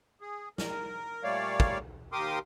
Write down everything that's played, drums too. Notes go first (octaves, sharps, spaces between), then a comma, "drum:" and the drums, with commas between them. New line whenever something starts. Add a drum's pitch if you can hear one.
G#4
A#4, drum: snare
A#2 G3 A3 C#5 D5 F5
drum: kick
D#2 G4 A#4 C6 D6 D#6